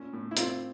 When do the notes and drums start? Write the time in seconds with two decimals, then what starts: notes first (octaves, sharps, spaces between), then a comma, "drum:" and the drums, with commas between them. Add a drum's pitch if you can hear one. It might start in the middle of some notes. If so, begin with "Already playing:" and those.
Already playing: A#2 C#4
0.13 A2
0.31 E4
0.37 C4 F4, drum: hi-hat